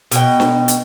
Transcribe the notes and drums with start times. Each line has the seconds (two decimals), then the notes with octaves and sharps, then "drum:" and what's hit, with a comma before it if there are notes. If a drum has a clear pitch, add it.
0.11 B2 G5, drum: hi-hat
0.40 drum: snare D4
0.68 drum: hi-hat